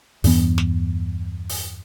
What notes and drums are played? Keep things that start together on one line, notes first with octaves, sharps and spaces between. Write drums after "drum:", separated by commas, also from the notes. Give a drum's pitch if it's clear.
E2 G2 E3 B3, drum: open hi-hat
drum: snare
drum: open hi-hat